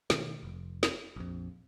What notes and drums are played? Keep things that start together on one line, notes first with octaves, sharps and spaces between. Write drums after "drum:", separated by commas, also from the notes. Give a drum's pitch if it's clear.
B2 D#3 A3, drum: snare
F1
drum: snare
A#1 F2